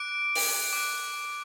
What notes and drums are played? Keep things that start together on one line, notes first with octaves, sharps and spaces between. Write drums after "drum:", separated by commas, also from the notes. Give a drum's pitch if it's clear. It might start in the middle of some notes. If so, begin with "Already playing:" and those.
Already playing: D6 F#6 D7
drum: open hi-hat
D6 F#6